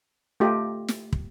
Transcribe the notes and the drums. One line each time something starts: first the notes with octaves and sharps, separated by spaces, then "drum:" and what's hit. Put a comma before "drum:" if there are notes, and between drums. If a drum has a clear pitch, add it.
A3 F4 G4 D#5
drum: snare
drum: kick